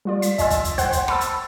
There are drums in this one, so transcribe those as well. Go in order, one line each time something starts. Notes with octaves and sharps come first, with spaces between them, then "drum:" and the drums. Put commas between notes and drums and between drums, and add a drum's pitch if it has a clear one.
G3 F4 D5
B6, drum: hi-hat
D#5 G#5 C6 E6 A6, drum: kick, hi-hat
drum: kick, hi-hat
drum: hi-hat
C5 F#5 G5 C6 F#6 G6, drum: kick, hi-hat
drum: hi-hat
A5 B5 C#6 E6 A6, drum: rim click
drum: hi-hat